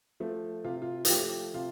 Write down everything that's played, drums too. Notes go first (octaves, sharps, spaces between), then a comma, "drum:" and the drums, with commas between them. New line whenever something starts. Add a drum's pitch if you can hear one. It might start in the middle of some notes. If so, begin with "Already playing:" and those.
F3 A3
C3 F4
F4
F4, drum: hi-hat
F3 A3 G4
C3 F4